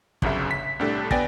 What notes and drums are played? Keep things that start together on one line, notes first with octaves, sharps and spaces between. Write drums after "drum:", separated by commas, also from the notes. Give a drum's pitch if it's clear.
G1 C2 F#2 C#3 E5, drum: kick
B6
C2 A2 D4 G4 A4
B3 D5 G5 G#5 A6 A#6, drum: kick